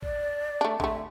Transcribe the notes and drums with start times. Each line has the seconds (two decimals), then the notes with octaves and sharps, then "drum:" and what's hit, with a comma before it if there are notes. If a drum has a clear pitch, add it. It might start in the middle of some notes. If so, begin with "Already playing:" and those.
0.03 D5, drum: kick
0.61 A3 D4
0.80 D3 A3 E5, drum: kick